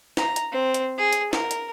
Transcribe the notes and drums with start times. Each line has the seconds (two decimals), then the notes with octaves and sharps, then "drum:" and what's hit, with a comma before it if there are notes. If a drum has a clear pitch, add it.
0.17 A#5, drum: snare
0.36 drum: hi-hat
0.52 C4
0.74 drum: hi-hat
0.98 G#4
1.13 drum: hi-hat
1.33 A#4, drum: snare
1.51 drum: hi-hat